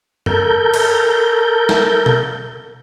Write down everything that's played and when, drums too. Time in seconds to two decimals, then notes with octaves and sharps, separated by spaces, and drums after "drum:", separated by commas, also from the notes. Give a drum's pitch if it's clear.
0.26 A4 A#4 G6, drum: tom F#2
0.74 drum: cymbal
1.69 drum: snare
2.06 drum: tom